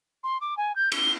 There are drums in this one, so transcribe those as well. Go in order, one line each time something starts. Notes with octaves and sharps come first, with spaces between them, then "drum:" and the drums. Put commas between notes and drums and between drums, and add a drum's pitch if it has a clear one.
C6
D6
G#5
G6
G7, drum: cymbal